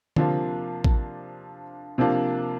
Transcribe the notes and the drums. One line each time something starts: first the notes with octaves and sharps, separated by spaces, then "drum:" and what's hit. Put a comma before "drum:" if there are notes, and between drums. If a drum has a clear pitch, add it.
C3 F3 A#3 D4 F4, drum: tom D3
drum: kick A1
C3 F3 A#3 D4 F4